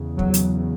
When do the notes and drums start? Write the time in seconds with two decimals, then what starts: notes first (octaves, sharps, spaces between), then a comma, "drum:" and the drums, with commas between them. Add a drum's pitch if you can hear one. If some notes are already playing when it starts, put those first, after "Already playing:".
Already playing: E2 C#3
0.19 F#3, drum: kick
0.34 drum: hi-hat